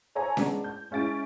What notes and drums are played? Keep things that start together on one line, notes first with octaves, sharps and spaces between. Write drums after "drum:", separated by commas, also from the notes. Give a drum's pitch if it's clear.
A4 C5 C#5 E5 G#5 A#5
G#3 B3 D4, drum: snare C#4
G6
G#3 C#4 E4 A6 D7